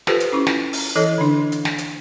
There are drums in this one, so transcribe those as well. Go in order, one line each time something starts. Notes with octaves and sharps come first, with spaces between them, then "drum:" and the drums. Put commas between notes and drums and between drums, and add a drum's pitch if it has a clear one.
F4 G4 A4 B4 C5, drum: snare
drum: hi-hat
C#4 E4 C#6
drum: snare
drum: open hi-hat
E3 E4 A4 C#5 D#5
D3 D4
drum: hi-hat
drum: snare
drum: hi-hat